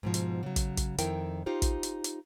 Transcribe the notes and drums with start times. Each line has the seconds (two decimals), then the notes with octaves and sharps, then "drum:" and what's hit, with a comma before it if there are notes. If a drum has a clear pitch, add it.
0.03 G#2 B2 F3
0.14 drum: hi-hat
0.43 C#3 F#3
0.56 drum: kick, hi-hat
0.77 drum: kick, hi-hat
0.98 F2 D#3 E4 A#4 G5, drum: hi-hat
1.46 D#4 F4 G4 C5
1.62 drum: kick, hi-hat
1.83 drum: hi-hat
2.04 drum: hi-hat